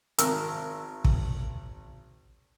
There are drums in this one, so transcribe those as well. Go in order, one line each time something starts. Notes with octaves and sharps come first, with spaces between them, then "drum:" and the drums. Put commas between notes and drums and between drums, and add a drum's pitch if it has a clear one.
G#1 A#4 E6, drum: hi-hat
drum: kick